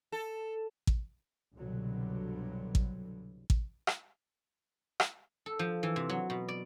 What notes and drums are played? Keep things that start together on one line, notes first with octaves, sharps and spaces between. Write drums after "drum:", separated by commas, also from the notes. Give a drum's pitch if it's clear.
A4
drum: kick A1
C2 G2 B2 D3 F#3
drum: kick A1
drum: kick A1
drum: rim click
drum: rim click
A4
F3
E3
C3
F#3
B2
D5